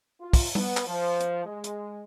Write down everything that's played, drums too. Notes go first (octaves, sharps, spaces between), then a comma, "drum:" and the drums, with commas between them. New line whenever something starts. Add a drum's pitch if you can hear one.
F4
drum: kick, open hi-hat
B3, drum: tom G3
drum: clap
F3
drum: hi-hat
G#3
drum: hi-hat